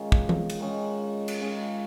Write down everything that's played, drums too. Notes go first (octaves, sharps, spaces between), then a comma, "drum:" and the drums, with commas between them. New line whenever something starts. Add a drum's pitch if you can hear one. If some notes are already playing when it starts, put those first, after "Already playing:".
Already playing: D#3 G#3 C#4 F4
drum: kick
drum: tom E3
drum: cymbal
D#3 G#3 C#4 F4
drum: cymbal
D#3 G#3 C#4 F4